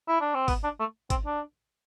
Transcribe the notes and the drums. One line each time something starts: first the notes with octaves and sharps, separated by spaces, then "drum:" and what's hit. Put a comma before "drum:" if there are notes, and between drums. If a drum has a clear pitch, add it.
E4
D4
C4
B3, drum: kick G#1, open hi-hat
D4
A3
C4, drum: kick G#1, hi-hat
D4